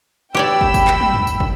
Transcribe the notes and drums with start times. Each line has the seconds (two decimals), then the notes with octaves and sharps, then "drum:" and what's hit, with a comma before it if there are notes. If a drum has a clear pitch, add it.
0.35 G4 C#5 D5 G5 B5 E6
0.61 drum: kick
0.74 drum: kick, tambourine
0.87 drum: clap
1.01 drum: tom
1.14 drum: tom
1.27 drum: tambourine
1.40 drum: kick